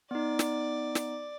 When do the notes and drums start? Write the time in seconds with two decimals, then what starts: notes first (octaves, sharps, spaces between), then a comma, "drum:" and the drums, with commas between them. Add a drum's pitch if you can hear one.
0.11 B3 D#4 D5
0.39 drum: snare
0.95 drum: snare